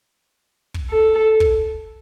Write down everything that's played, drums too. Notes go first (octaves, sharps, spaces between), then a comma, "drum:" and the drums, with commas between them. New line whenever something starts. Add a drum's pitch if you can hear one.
drum: kick
A4
drum: kick